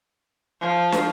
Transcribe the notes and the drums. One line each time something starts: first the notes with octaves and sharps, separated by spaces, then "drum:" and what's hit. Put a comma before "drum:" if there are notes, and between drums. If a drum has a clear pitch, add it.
F3
drum: snare